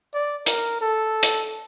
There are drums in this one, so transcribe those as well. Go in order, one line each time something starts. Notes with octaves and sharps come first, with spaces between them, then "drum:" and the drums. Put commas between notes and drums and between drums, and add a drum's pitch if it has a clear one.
D5
A#4, drum: hi-hat
A4
drum: hi-hat